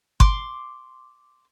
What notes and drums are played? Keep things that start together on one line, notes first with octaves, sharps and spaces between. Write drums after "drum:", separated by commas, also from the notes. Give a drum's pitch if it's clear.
C6 D6, drum: kick G1